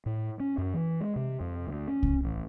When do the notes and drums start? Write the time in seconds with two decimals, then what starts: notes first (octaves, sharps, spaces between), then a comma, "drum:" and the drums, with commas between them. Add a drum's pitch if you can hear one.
0.06 A2
0.40 C#4
0.58 F#2
0.74 E3
1.01 G#3
1.16 C3
1.40 F2
1.67 D2
1.88 C#4
2.03 drum: kick C2
2.23 A1